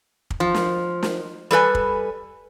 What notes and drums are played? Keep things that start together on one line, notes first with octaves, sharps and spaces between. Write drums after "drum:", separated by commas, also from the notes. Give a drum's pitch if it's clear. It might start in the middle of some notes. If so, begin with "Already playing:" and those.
drum: kick
F3
drum: snare
drum: snare
G3 A4 B4 G#5
drum: kick